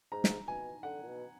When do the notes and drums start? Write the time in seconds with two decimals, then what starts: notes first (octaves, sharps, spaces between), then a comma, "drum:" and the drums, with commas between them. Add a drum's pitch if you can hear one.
0.12 G#2 A#5
0.24 drum: snare
0.48 B2 G#5
0.83 D3 F#5
1.03 A#2
1.08 B2